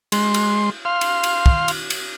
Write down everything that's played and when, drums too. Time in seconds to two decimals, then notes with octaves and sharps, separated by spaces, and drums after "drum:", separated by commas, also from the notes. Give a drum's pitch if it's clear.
0.12 G#3 C6, drum: cymbal
0.34 drum: cymbal
0.85 F5 C6 F6
1.01 drum: cymbal
1.23 drum: cymbal
1.46 drum: kick
1.68 drum: cymbal
1.90 drum: cymbal